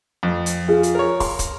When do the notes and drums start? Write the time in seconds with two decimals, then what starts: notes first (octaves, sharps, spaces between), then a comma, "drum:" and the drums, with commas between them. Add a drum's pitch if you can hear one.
0.23 F2
0.46 drum: hi-hat
0.68 F4 G#4 F5
0.83 drum: hi-hat
0.95 A#4 C#5
1.20 C6, drum: kick, open hi-hat
1.39 drum: kick, hi-hat